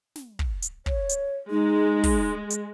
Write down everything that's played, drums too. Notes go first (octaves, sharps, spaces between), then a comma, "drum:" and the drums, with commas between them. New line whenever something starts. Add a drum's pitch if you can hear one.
drum: snare
drum: kick
drum: hi-hat
C#5, drum: kick
drum: hi-hat
G#3 D#4
drum: kick, open hi-hat
drum: hi-hat